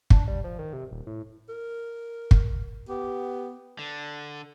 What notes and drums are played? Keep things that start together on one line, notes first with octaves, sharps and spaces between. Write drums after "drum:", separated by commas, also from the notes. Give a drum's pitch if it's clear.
D4, drum: kick
G3
F3
D#3
C3
D#1
A2
A#4
drum: kick
B3 G4
D3